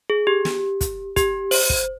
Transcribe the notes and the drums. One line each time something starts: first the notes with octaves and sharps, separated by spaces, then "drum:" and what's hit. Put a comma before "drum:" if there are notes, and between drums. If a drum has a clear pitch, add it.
G#4
G4
drum: snare
drum: kick, hi-hat
G4, drum: kick, hi-hat
C5, drum: open hi-hat
drum: kick